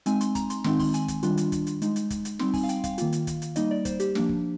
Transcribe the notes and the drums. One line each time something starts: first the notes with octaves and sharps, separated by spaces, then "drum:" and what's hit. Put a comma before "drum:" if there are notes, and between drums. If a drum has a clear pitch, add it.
G#3 C4 D#4 G#5, drum: hi-hat
C6, drum: hi-hat
A#5, drum: kick, hi-hat
C6, drum: hi-hat
D#3 G#3 C4 D#4 C6, drum: snare
C6, drum: kick, open hi-hat
G#5, drum: hi-hat
drum: kick, hi-hat
D#3 G3 D4 F4 C6, drum: hi-hat
drum: hi-hat
drum: kick, hi-hat
drum: hi-hat
G#3 D#4, drum: hi-hat
drum: hi-hat
drum: kick, hi-hat
drum: hi-hat
G3 C4 D#4 C6, drum: snare
G#5, drum: kick, open hi-hat
F5
G5, drum: hi-hat
F5, drum: kick, hi-hat
D#3 A#3 F4, drum: hi-hat
drum: hi-hat
drum: kick, hi-hat
drum: hi-hat
G3 A#3 D#4 D#5, drum: hi-hat
D5
C5, drum: kick, hi-hat
G4, drum: hi-hat
F3 A#3 D4, drum: snare
drum: kick